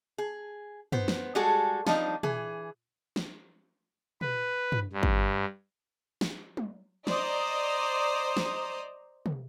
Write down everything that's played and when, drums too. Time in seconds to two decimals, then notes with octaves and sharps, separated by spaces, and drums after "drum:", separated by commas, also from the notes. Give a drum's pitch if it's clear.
0.18 G#4
0.92 B3 C5, drum: tom
1.08 drum: snare
1.35 G3 G#3 F#4 G#4 A4
1.87 F3 G3 C4 D4 D#4, drum: snare
2.23 E3 G#4, drum: tom
3.16 drum: snare
4.21 B4, drum: tom
4.72 drum: tom
4.93 G2
5.03 drum: kick
6.21 drum: snare
6.57 drum: tom
7.07 C5 D5 D#5 A#5 D#6, drum: snare
8.37 drum: snare
9.26 drum: tom